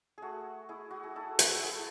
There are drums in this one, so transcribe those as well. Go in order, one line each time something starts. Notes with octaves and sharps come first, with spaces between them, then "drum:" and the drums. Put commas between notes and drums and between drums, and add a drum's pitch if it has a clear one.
A3 F#4 G#4
E4 G#4
F#4
G#4
E4 A4
drum: hi-hat
E4 G#4
A4